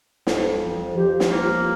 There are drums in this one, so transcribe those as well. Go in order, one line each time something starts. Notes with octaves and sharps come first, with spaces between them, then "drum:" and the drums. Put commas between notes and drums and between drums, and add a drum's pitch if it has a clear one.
F2, drum: snare
F3
F3 G4
drum: snare
A#3 F4